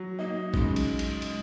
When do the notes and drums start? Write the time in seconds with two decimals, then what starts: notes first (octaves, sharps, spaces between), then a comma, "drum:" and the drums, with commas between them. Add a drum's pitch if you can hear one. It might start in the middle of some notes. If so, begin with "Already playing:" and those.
Already playing: F#3
0.19 A#3 D#4
0.54 C#3 G#3, drum: kick G#1
0.76 drum: cymbal
0.99 drum: cymbal
1.22 drum: cymbal